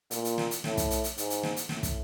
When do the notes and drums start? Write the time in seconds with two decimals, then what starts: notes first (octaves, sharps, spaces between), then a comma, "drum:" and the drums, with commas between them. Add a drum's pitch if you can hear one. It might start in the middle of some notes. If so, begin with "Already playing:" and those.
0.11 A#2, drum: hi-hat
0.25 drum: hi-hat
0.38 drum: snare
0.51 drum: hi-hat
0.64 A2, drum: snare
0.77 drum: kick, hi-hat
0.90 drum: hi-hat
1.04 drum: hi-hat
1.17 G#2, drum: hi-hat
1.30 drum: hi-hat
1.43 drum: snare
1.56 drum: hi-hat
1.69 A2, drum: snare
1.83 drum: kick, hi-hat